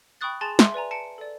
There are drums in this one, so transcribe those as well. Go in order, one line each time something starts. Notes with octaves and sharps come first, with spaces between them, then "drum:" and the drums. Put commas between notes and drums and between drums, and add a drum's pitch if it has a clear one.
G5 B5 C#6 D#6 F#6 A6
G#4 G#5 A5 C6 A6 E7
E5 C6, drum: snare
B4 D5 G#5 A#5
A5 C#7 D7
A4 D5